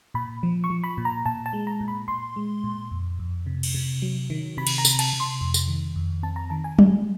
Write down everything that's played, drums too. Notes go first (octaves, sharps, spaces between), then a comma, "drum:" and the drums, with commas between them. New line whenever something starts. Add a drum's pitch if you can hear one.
A#2 B5
F3
C#6
F3
B5
A#2
A#5
A#2 A5
A5
G#3
A#5
A#2
B5
A#2 C6
G#3
A#2
F2
F2
C3
drum: cymbal
C3
F#3
D#3
C3 B5
drum: cymbal
A#5
C3, drum: tambourine
A5, drum: cymbal
C3
C6
F2
drum: tambourine
D#3
F2
C4 A5
A#5
D#3 A5
G#5
G#3, drum: tom F#3